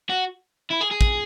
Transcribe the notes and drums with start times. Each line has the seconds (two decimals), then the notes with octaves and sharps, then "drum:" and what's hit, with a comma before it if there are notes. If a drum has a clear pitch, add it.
0.10 F#4
0.70 E4
0.81 G#4
0.91 G#4
1.01 drum: kick A1